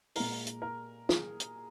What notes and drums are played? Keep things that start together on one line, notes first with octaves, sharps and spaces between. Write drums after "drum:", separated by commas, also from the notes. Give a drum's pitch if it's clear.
A#2 G#3 A#4, drum: open hi-hat
drum: hi-hat
A#4
G#4, drum: snare
drum: hi-hat